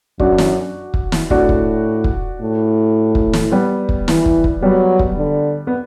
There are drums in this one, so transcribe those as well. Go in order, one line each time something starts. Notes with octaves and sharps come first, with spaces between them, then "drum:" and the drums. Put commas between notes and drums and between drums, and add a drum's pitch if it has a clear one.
F#2 D4 F#4, drum: kick
drum: snare
drum: kick
drum: snare
A2 D4 F#4, drum: kick
drum: kick
drum: kick
A2
drum: kick
drum: snare
G3 B3
drum: kick
E3, drum: snare
drum: kick
drum: kick
F#3 G3 B3
drum: kick
D3
B3